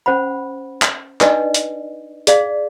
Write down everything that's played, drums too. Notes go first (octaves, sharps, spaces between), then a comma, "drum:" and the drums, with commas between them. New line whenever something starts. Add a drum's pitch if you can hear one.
C#4 C5 F#5 B5
drum: clap
D4 D#4 B4 D5 D#5, drum: clap
drum: hi-hat
G#4 D5 F5, drum: hi-hat